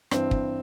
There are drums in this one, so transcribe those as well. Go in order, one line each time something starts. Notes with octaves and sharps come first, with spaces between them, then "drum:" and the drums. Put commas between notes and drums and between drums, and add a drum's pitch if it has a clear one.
G2 E3 C4, drum: rim click
drum: kick